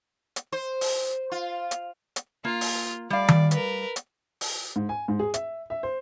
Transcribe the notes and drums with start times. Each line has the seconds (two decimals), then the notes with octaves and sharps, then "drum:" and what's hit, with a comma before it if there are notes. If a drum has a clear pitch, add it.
0.36 drum: hi-hat
0.52 C5
0.81 drum: open hi-hat
1.31 F4
1.71 drum: hi-hat
2.16 drum: hi-hat
2.45 A#3 F4
2.61 drum: open hi-hat
3.10 G3 A3 D5 F5
3.28 drum: tom D#3
3.51 A#4 B4, drum: hi-hat
3.96 drum: hi-hat
4.41 drum: open hi-hat
4.76 G#2
4.89 G#5
5.08 G#2
5.19 G#4
5.34 E5, drum: hi-hat
5.70 E5
5.83 C5